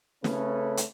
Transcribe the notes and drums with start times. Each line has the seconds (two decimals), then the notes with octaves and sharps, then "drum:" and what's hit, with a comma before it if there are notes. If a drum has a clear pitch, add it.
0.24 C#3 A3 C4 C#4 A4 B4, drum: snare
0.77 drum: hi-hat